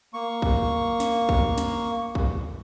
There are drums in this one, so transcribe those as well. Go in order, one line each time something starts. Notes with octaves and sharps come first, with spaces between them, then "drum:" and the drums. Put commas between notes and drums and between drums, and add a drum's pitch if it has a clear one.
A#3 C#6
drum: kick B1
drum: snare
drum: kick B1
drum: snare
drum: kick B1